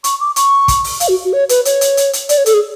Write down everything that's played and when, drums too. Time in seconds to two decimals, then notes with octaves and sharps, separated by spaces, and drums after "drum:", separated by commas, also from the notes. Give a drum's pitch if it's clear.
0.04 C#6, drum: hi-hat
0.20 D6
0.36 C#6, drum: hi-hat
0.68 drum: kick, hi-hat
0.84 drum: open hi-hat
1.00 F5, drum: hi-hat
1.08 F#4
1.25 F#4
1.33 C#5
1.49 B4, drum: hi-hat
1.65 C#5, drum: hi-hat
1.81 drum: hi-hat
1.97 drum: hi-hat
2.13 drum: hi-hat
2.29 D5, drum: hi-hat
2.38 C#5
2.46 A4, drum: hi-hat
2.54 G#4